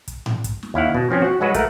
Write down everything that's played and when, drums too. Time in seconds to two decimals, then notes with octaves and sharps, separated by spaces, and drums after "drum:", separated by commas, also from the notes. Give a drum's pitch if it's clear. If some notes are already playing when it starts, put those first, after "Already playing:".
0.08 drum: kick, hi-hat
0.26 drum: tom G#2
0.44 drum: kick, hi-hat
0.63 drum: snare
0.74 D#2 E4 F5 F#5
0.95 B2
1.11 F3 C4 C#4
1.22 F#4 F#5
1.41 F#3 G#3 F#4 B4
1.54 A3 A#4 F#5, drum: kick, hi-hat